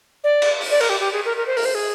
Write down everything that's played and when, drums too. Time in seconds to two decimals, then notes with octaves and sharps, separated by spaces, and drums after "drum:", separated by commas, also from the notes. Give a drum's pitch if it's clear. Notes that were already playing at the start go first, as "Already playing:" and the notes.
0.24 D5
0.42 drum: cymbal
0.61 drum: open hi-hat
0.71 D5
0.81 A#4, drum: cymbal
0.89 G4
1.00 G4
1.12 G#4
1.25 A#4
1.37 A#4
1.47 C5
1.57 A#4, drum: open hi-hat
1.65 C5
1.75 G#4